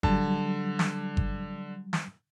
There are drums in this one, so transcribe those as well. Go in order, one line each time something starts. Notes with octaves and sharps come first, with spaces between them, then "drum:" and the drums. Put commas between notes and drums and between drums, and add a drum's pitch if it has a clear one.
D3 F#3 G3 A5, drum: kick G1
drum: snare
drum: kick G1
drum: snare